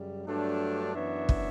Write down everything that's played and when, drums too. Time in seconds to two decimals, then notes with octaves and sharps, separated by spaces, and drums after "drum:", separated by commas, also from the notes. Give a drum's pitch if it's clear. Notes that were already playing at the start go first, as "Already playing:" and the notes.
Already playing: F#2 C#3 G3
0.25 G2 F#3 A3 D4
0.94 F#2 E3 B3 D4 C#5 E5
1.29 drum: kick